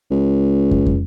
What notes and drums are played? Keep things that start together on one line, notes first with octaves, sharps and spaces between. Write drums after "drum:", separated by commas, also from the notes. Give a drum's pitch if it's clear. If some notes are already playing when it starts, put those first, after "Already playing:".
C#2
drum: kick
drum: kick